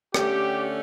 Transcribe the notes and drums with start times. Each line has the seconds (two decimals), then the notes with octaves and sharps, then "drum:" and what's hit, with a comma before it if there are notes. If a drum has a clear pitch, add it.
0.14 D3 A3 C#4 G4, drum: rim click